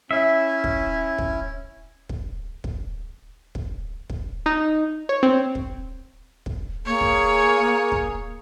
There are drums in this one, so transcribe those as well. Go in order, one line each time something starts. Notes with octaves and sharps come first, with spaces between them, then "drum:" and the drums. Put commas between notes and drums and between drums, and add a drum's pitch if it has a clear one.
C#4 E4 E5
drum: kick
drum: kick
drum: kick
drum: kick
drum: kick
drum: kick
D#4
C#5
C4
drum: kick
drum: kick
A#3 G#4 C#5
drum: kick
drum: kick